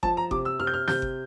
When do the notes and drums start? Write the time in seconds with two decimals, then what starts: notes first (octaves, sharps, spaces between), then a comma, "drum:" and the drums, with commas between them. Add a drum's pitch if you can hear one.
0.03 F3 A5, drum: kick G1
0.17 A#5
0.31 C3 D6, drum: kick G1
0.45 E6
0.60 C3 F6
0.67 G6
0.74 F6
0.88 C3 G6, drum: snare
1.02 drum: kick G1